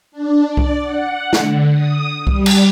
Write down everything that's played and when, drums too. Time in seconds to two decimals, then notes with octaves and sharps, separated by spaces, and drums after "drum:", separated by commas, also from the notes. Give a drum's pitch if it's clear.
0.12 D4
0.47 D5
0.57 drum: kick C2
0.82 F#5
1.33 D3, drum: snare
1.73 D#6
2.27 G3, drum: kick C2
2.46 drum: cymbal